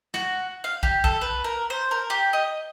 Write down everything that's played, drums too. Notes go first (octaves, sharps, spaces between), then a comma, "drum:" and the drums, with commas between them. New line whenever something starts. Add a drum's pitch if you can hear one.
F#4, drum: snare
F5
G4, drum: kick
A4, drum: kick
B4
A#4
C5
A#4
G4
D#5